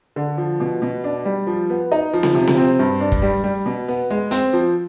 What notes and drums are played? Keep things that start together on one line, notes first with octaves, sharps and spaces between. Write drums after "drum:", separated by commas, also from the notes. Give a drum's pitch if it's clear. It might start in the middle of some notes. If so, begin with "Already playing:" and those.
D3
F3
B2
B2
D4
G3
F3
B3
D#4
F3
drum: snare C4
C3
drum: snare C4
C4
G2
D4
drum: kick
G3
G3
B2
B3
G#3
C4, drum: hi-hat
F3